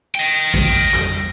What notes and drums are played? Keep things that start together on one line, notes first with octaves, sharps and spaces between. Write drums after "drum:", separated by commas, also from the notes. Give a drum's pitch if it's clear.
D#5 G5
drum: kick A1
drum: tom E2